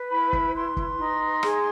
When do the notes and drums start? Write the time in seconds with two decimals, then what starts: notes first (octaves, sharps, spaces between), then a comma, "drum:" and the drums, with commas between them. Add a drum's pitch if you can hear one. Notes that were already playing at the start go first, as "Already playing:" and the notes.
Already playing: B4
0.10 E4 B5
0.33 drum: kick
0.55 B4 C6
0.77 drum: kick
0.99 D#4
1.43 G#4, drum: rim click